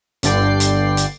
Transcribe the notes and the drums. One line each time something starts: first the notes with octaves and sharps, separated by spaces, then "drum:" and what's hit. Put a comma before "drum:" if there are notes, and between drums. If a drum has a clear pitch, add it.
G1 G2 D3 D5 G5 C7, drum: hi-hat
drum: hi-hat
drum: hi-hat